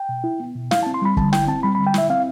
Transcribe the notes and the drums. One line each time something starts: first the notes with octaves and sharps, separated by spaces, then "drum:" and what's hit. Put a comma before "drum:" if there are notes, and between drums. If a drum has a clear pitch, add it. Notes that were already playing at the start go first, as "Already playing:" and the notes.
Already playing: G5
B2
E4
B3
B2
E4 F5, drum: snare
A5
C4
C6
G3 B5
D3 A5, drum: kick
E4 G5, drum: snare
C4 A5
G3 B5
B5
D3
G5
E4 E5, drum: snare
C4 F5